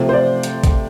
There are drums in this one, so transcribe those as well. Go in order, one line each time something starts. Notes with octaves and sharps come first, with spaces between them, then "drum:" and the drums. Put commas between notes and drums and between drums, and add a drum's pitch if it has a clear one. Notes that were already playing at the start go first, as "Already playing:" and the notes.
Already playing: C3 F3 A3
C5
D5
drum: hi-hat
drum: kick A1, hi-hat